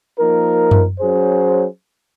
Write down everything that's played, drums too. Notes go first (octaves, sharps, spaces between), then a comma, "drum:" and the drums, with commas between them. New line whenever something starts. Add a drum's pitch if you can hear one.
F3 A#3 D#4 A#4
drum: tom F#2
F#3 C#4 G#4 C5